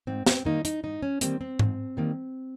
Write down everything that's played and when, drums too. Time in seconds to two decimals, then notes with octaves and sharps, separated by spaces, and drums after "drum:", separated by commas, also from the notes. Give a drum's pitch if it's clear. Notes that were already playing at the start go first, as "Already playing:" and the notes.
0.07 G#2 C4
0.26 C4, drum: snare
0.45 D#3 G3 A#3 D#4
0.65 D#4, drum: hi-hat
0.83 G#2 D#4
1.02 C#4
1.21 D#3 G3 A#3 C4, drum: hi-hat
1.41 C4
1.59 G#2, drum: tom G#2
1.97 D#3 G3 A#3